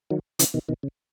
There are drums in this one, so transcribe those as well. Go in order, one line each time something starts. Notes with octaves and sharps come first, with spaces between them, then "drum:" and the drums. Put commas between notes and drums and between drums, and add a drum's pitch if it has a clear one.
D#3 F#3
C#3 E3, drum: hi-hat
B2 D#3
B2 D#3
C#3